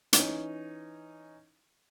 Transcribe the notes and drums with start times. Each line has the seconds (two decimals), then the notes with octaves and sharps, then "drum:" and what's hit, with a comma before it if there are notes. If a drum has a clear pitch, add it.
0.13 E3 C#4 D#4, drum: hi-hat